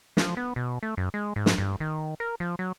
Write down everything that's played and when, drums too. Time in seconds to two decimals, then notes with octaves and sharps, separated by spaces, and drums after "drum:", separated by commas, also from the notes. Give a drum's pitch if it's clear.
0.17 F3, drum: snare
0.37 B3
0.56 B2
0.83 A3
0.97 F#2
1.14 G#3
1.36 G#2
1.46 drum: snare
1.58 G2
1.80 D#3
2.20 A#4
2.40 F3
2.59 F#3